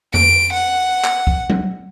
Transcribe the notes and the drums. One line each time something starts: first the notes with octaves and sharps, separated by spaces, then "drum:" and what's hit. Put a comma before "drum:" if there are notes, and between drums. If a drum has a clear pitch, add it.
D7, drum: tom F2
F#5
drum: clap
drum: kick
drum: tom F#3